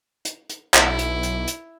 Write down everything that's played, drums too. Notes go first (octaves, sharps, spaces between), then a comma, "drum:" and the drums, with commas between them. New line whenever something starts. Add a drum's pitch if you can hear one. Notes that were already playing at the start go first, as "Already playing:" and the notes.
drum: hi-hat
drum: hi-hat
B1 E4, drum: clap
drum: hi-hat
drum: hi-hat
drum: hi-hat